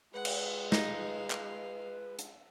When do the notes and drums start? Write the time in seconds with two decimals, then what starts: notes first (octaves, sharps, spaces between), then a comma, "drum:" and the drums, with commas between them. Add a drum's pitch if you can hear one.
0.14 G#3 F4 B4 F#5
0.25 drum: cymbal
0.72 D#4 F5, drum: snare
1.30 drum: clap
2.19 drum: hi-hat